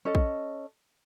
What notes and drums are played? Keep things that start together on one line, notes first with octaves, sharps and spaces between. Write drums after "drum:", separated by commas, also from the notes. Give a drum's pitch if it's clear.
C#4 A4 D#5
drum: kick